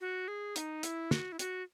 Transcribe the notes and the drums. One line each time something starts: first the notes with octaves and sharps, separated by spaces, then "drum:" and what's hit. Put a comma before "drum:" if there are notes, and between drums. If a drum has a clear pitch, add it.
F#4
G#4
D#4, drum: hi-hat
E4, drum: hi-hat
F#4, drum: snare
E4
F#4, drum: hi-hat